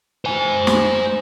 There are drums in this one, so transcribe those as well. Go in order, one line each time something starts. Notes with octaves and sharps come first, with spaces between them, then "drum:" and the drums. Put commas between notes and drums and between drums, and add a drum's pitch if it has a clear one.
C5 G#5
drum: snare